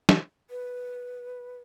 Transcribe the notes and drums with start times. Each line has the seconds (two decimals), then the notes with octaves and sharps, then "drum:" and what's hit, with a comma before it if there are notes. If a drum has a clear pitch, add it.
0.09 drum: snare
0.50 B4